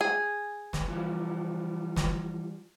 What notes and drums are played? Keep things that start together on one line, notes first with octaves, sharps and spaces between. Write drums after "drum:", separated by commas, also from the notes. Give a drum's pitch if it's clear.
G#4
drum: snare
E3 F3 G3
drum: snare